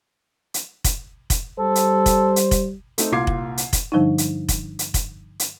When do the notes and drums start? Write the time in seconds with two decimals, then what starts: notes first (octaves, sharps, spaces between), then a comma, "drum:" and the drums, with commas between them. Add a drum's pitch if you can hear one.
0.54 drum: hi-hat
0.84 drum: kick F1, hi-hat
1.30 drum: kick F1, hi-hat
1.59 G3 A4 C5
1.75 drum: hi-hat
2.06 drum: kick F1, hi-hat
2.36 drum: hi-hat
2.51 drum: kick F1, hi-hat
2.98 A3 C4 D#4, drum: hi-hat
3.12 C2 A#2 F4 D6 G#6 C7
3.27 drum: kick F1
3.57 drum: hi-hat
3.73 drum: kick F1, hi-hat
3.92 G2 D3 F3 G3 D4 D#4
4.18 drum: hi-hat
4.49 drum: kick F1, hi-hat
4.79 drum: hi-hat
4.94 drum: kick F1, hi-hat
5.40 drum: hi-hat